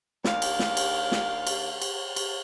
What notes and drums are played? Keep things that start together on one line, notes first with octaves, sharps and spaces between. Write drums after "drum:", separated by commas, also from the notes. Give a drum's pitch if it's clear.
D#2 D4 F5, drum: snare
drum: cymbal
drum: snare
drum: cymbal
drum: snare
drum: cymbal
drum: cymbal
drum: cymbal